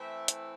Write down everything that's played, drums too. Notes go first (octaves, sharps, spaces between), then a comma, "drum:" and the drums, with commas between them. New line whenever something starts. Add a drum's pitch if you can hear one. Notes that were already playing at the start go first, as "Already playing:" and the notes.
Already playing: E3 A3 C4 E4 E5
drum: hi-hat